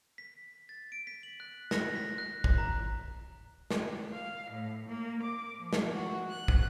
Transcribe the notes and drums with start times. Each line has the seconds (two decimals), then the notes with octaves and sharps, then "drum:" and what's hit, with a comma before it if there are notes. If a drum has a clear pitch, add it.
0.18 B6
0.69 A6
0.92 D7
1.07 B6
1.23 F#7
1.40 F#6
1.71 A#6, drum: snare
1.95 B6
2.18 F#6
2.44 drum: kick
2.58 A#5
3.71 drum: snare
4.13 F5
4.50 A2
4.88 A#3
5.22 D6
5.58 F3
5.73 drum: snare
5.93 F#4
6.29 F#6
6.48 drum: kick